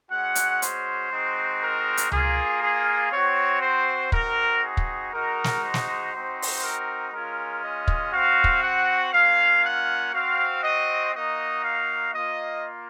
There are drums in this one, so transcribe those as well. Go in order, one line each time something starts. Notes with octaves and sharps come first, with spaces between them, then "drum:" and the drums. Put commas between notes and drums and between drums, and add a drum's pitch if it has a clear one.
G#3 C#4 F#4 F#5
drum: hi-hat
C5, drum: hi-hat
G#3 C4 D#4 F#4
A#4
drum: hi-hat
A#3 F4 G#4, drum: tom C#2
G#4
C4 F#4 C#5
C5
C4 D#4 F#4 A#4, drum: kick
G#4
drum: kick
G#3 D#4 F#4 A#4
drum: snare
C5
drum: snare
C4 D#4 F#4
drum: open hi-hat
A#4
G#3 C#4 F4 A#4
D#5
drum: kick
C4 F#4 F5
drum: kick
F#5
A#3 C#4 F4 F5
F#5
C4 F#4 F5
D#5
A#3 D#4 F#4 D#5
F5
A#3 F4 D#5